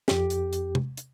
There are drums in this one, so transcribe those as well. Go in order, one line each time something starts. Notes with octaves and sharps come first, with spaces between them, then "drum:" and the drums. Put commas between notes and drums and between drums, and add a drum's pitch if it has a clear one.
F2 G4, drum: snare
drum: hi-hat
drum: hi-hat
drum: tom C3
drum: hi-hat